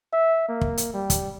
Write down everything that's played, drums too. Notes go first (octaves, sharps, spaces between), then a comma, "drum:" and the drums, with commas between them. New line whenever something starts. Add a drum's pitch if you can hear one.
E5
A#3
drum: kick
drum: hi-hat
G3
drum: kick, hi-hat